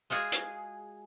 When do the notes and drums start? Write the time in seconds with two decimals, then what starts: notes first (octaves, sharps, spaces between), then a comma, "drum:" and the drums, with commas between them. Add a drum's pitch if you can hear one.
0.10 G#3 F4 F#4 G#4
0.32 drum: hi-hat